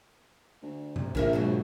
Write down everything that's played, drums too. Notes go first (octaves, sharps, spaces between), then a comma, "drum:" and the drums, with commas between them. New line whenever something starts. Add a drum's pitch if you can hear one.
D2
C3, drum: tom G2
A#1 A2 E3 A#4 E5, drum: kick
G#2 B2 F#3 F#4